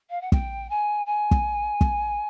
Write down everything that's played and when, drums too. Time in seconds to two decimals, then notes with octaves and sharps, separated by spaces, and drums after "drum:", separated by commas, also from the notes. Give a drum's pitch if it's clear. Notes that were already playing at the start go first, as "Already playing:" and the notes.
0.10 F5
0.21 F#5
0.32 G5, drum: kick
0.70 G#5
1.06 G#5
1.31 drum: kick
1.81 drum: kick